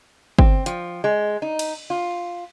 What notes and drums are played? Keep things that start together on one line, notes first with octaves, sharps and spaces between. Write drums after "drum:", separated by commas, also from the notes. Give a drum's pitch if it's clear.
C4, drum: kick
F3, drum: hi-hat
G#3
D#4
drum: cymbal
F4